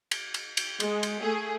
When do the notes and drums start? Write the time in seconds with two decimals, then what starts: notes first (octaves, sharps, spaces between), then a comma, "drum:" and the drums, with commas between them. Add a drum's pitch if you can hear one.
0.11 drum: cymbal
0.34 drum: cymbal
0.57 drum: cymbal
0.80 G#3, drum: cymbal
1.03 drum: cymbal
1.21 A3 G#4